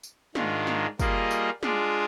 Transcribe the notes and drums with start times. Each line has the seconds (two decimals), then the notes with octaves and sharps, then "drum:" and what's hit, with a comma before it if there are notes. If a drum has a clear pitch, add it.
0.03 drum: tambourine
0.35 G#2 D#3 G#3 D4 F4, drum: snare
0.67 drum: snare
0.99 G3 A#3 F4 G#4 D#5, drum: kick, tambourine
1.31 drum: tambourine
1.63 G#3 D4 F4 G#4 D5, drum: snare